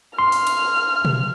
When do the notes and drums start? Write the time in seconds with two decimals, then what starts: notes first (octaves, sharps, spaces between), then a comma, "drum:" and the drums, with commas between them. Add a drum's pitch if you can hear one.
0.19 C6 F6
0.32 drum: open hi-hat
0.47 drum: cymbal
1.05 drum: tom B2